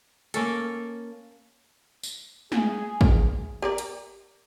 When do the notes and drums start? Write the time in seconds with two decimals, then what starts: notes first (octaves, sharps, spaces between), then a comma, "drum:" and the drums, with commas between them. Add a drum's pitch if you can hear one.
0.34 A#3 C#4 A4, drum: hi-hat
2.03 drum: tambourine
2.52 G#4, drum: snare
3.01 drum: kick
3.62 G4 A#4 D5
3.78 drum: hi-hat